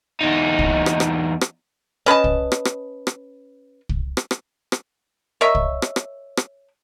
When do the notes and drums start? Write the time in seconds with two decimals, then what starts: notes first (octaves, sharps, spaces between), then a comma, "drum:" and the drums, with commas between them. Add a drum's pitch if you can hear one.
0.21 E2 D#4
0.59 drum: kick
0.86 drum: rim click
1.00 drum: rim click
1.41 drum: rim click
2.06 C#4 B4 D#5 A5
2.24 drum: kick
2.52 drum: rim click
2.65 drum: rim click
3.07 drum: rim click
3.89 drum: kick
4.17 drum: rim click
4.31 drum: rim click
4.72 drum: rim click
5.41 A#4 C#5 D#5 E5
5.55 drum: kick
5.82 drum: rim click
5.96 drum: rim click
6.37 drum: rim click